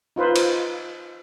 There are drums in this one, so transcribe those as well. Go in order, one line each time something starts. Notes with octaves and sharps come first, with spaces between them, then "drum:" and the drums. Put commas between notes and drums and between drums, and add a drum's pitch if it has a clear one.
D#4 F4 B4 C5
drum: cymbal